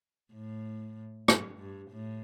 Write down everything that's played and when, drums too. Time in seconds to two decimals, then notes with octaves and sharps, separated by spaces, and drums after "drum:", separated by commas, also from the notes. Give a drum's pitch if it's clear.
0.33 A2
1.28 G2, drum: rim click
1.59 G2
1.91 A2